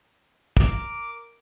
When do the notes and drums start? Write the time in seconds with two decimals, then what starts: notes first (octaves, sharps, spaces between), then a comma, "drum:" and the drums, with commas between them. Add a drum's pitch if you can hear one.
0.57 A#4 D6, drum: kick